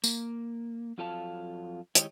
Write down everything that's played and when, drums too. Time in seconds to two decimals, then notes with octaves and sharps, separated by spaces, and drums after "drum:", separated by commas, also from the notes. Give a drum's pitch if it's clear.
0.04 A#3, drum: tambourine
0.98 F2 F#3 F4 A4 F5 A5
1.95 D#3 G#3 E4 G4 C#5 D#5, drum: hi-hat